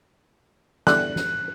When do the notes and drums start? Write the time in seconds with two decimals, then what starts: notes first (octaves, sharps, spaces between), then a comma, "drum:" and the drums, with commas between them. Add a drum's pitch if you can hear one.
0.87 E2 D3 G3 F#6, drum: snare
1.16 drum: snare